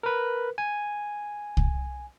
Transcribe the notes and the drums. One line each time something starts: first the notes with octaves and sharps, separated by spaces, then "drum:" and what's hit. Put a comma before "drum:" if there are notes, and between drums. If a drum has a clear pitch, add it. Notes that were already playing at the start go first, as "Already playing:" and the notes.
A#4 B4
G#5
drum: kick C2